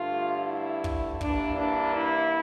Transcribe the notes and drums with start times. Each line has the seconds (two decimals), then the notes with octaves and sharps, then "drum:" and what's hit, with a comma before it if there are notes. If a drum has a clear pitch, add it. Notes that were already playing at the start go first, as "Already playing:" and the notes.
Already playing: G2 D3 A3 F4
0.47 E4
0.84 drum: kick
1.21 G2 E3 A#3 D4, drum: kick
1.57 D4
1.94 E4